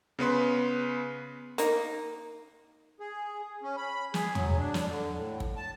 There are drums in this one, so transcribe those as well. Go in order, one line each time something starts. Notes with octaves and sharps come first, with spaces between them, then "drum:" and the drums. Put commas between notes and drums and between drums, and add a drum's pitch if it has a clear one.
C#3 B3 B4 C6
A#3 D#4, drum: hi-hat
G#4
C#4
B5
G#4, drum: snare
F#3, drum: tom E2
D4
drum: snare
D3
A2
drum: kick
A5